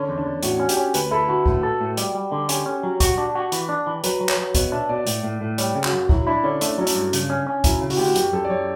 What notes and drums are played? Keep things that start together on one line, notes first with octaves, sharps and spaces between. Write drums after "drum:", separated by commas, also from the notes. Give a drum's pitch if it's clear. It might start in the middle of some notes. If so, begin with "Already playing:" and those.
Already playing: D3 C#4
E2
D4
E2
A2 F#4, drum: hi-hat
C#4
G4, drum: hi-hat
C#4
D2 B4, drum: hi-hat
E4 A4
D3 F#4
A2, drum: kick
A4
A2
G3, drum: hi-hat
G3
D3
C#4 G4, drum: hi-hat
C#4
F#3
F#4, drum: kick, hi-hat
D4
F#4
E3, drum: hi-hat
D4
E3
F#3 B4, drum: hi-hat
F#3
C#5, drum: clap
F#3
B2 C#5, drum: kick, hi-hat
D4 E5
B2 D5
A2, drum: hi-hat
A2
A2
G3 C#5, drum: hi-hat
C#3
F#4, drum: clap
F#2
F#3 E4, drum: kick
D4 E4
D3 C#4
A3 D4, drum: hi-hat
F#3 C#4
D4, drum: hi-hat
G2
C#3, drum: hi-hat
C#4
C#4
F#3 E4, drum: kick, hi-hat
C#3
F#4, drum: open hi-hat
D2 G4
F#4
F#2 G4, drum: hi-hat
F#2 A4
D5
F#2 C#5